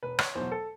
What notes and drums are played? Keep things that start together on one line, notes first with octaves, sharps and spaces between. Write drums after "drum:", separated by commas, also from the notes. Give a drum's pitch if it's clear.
E1 B4
C#5, drum: rim click
E2 B2 F#3 C5
A4